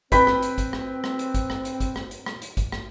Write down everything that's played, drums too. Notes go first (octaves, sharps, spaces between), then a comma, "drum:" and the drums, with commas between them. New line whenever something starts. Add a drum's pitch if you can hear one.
C4 B4 G5 B5, drum: kick G#1, hi-hat
drum: rim click
drum: hi-hat
drum: kick G#1, hi-hat
drum: rim click
drum: rim click
drum: hi-hat
drum: kick G#1, hi-hat
drum: rim click
drum: hi-hat
drum: kick G#1, hi-hat
drum: rim click
drum: hi-hat
drum: rim click
drum: hi-hat
drum: kick G#1, hi-hat
drum: rim click